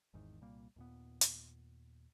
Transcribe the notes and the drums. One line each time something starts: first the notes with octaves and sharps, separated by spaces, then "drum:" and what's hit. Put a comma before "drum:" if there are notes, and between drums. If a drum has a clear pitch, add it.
G#1 E2 G#2 D#3
C2 A#2 G3 A#3
D#2 A#2 B3
drum: hi-hat